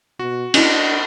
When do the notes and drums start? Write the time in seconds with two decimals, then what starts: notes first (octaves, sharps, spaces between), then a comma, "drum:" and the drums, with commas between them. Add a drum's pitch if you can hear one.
0.19 B2 F#4
0.54 C#4 D4 E4 D#5, drum: cymbal